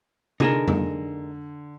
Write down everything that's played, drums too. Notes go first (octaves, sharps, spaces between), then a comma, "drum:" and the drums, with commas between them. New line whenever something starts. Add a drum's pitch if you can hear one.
D3 D#4 G#4 A#4 E7, drum: tom C3
drum: tom